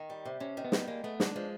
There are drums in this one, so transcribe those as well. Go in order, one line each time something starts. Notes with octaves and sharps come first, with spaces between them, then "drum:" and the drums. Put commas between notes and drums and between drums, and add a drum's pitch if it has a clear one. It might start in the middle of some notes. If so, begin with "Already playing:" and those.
Already playing: D#3
G3
C3
C3 C#4
D#3
B3
G3, drum: snare
G#3 A#3
A3 B3
G#3 D4, drum: snare
F3 G#3